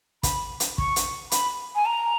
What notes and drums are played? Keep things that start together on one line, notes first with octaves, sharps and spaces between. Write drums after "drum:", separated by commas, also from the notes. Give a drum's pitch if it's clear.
B5, drum: kick, hi-hat
drum: hi-hat
C#6, drum: kick
drum: hi-hat
B5, drum: hi-hat
G#5
A#5